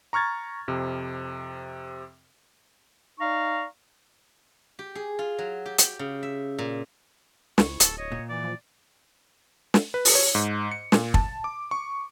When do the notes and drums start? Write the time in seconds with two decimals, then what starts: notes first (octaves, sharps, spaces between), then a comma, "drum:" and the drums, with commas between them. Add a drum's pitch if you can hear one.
0.13 A#5 C#6 F6 G#6 A6
0.68 F2 C3
3.20 D#4 D5 F5 A#5 C#6
4.79 G4
4.95 G#4
5.19 F4
5.38 F#3
5.66 G4
5.78 G4, drum: hi-hat
5.99 C#3
6.23 E5
6.59 A#2
7.58 C#2 G#2 E4 C#6, drum: snare
7.80 D1 A4, drum: hi-hat
7.98 C#5 D#5
8.12 A#2
8.30 E3 D5
8.44 F3
9.74 drum: snare
9.94 B4
10.05 drum: open hi-hat
10.15 C#5
10.35 G#2
10.72 C#7
10.92 A#2, drum: snare
11.14 A5, drum: kick
11.44 D6
11.71 C#6